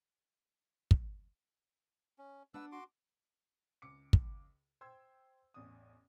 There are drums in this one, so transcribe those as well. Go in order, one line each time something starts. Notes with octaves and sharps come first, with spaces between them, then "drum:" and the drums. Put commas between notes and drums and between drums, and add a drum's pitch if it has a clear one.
drum: kick
C#4
D4 B4 F#5 E6
F#4 C6 D6
C#2 D6 C#7
drum: kick
C5 G5 C6 E6 G#6
A1 E2 D#6